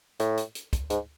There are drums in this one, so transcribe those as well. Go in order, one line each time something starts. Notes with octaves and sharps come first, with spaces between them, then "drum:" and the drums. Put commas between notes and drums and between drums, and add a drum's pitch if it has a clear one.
A2, drum: hi-hat
drum: hi-hat
drum: hi-hat
drum: kick, hi-hat
G#2, drum: hi-hat